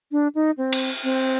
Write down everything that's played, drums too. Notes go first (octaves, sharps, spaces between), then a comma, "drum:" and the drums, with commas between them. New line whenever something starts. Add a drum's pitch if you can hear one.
D4
D#4
C4
drum: cymbal
C4